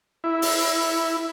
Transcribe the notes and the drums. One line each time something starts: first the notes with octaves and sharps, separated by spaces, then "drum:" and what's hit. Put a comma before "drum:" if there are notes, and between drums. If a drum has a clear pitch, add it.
E4
drum: open hi-hat